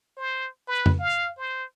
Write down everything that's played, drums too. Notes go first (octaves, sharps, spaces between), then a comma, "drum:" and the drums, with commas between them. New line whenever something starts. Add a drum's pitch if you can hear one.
C5
B4
drum: tom F2
F5
C5